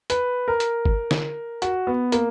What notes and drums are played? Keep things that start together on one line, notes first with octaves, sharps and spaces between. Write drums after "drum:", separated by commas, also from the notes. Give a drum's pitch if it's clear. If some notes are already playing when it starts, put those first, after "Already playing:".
B4, drum: hi-hat
A#4
drum: hi-hat
drum: kick G1
drum: snare
F#4, drum: hi-hat
B3
A#3, drum: hi-hat